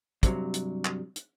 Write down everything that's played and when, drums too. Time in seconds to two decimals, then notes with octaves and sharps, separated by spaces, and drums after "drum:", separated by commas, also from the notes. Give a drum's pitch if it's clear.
0.23 G2 C3 F#3, drum: kick, hi-hat
0.54 drum: hi-hat
0.85 drum: clap
1.16 drum: hi-hat